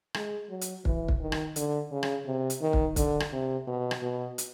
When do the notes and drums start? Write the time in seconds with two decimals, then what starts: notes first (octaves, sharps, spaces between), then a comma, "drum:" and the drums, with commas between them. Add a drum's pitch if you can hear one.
0.14 G#3, drum: rim click
0.49 F#3
0.61 drum: hi-hat
0.85 E3, drum: kick
1.08 drum: kick
1.21 D#3
1.32 drum: rim click
1.56 D3, drum: hi-hat
1.91 C#3
2.03 drum: rim click
2.26 C3
2.50 drum: hi-hat
2.61 D#3
2.73 drum: kick
2.96 D3, drum: kick, hi-hat
3.20 drum: rim click
3.32 C3
3.67 B2
3.91 drum: rim click
4.02 B2
4.38 drum: hi-hat